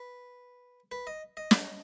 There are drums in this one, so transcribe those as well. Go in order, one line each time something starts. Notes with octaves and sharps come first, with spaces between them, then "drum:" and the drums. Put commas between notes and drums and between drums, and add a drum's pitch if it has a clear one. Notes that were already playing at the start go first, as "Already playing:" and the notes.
Already playing: B4
B4
D#5
D#5
drum: snare